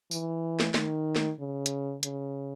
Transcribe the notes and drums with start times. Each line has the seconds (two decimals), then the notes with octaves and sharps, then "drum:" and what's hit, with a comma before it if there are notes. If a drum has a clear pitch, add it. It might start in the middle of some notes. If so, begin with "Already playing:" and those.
0.11 E3, drum: tambourine
0.60 drum: snare
0.74 D#3, drum: snare
1.16 drum: snare
1.40 C#3
1.66 drum: hi-hat
2.03 C#3, drum: hi-hat